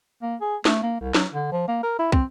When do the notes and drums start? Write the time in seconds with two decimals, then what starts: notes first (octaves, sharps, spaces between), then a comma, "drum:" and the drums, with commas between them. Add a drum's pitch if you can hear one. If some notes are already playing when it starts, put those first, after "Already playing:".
0.22 A#3
0.41 G#4
0.65 A3, drum: snare
0.83 A#3
1.01 C2
1.15 F#3, drum: snare
1.33 D3
1.52 F3
1.68 A#3
1.83 A#4
1.99 E4
2.12 C4, drum: kick